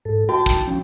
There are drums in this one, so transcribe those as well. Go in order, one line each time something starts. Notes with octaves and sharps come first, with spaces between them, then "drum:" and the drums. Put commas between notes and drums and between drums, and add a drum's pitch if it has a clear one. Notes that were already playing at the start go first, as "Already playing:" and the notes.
G#2 A4
F#4 G5 A5
drum: kick, tambourine
F3 C#4